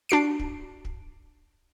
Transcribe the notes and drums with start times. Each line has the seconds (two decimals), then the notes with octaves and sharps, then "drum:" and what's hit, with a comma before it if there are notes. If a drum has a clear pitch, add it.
0.09 D4 F#4 C7 D7
0.39 drum: kick
0.85 drum: kick